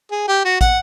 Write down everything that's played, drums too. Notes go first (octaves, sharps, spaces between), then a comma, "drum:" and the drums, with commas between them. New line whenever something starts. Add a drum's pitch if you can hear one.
G#4
G4
F#4
F#5, drum: kick, hi-hat